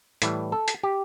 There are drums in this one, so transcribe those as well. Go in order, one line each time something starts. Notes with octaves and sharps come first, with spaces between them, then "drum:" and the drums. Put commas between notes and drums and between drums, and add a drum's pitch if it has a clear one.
A2 E3 G3, drum: hi-hat
A4
drum: hi-hat
G4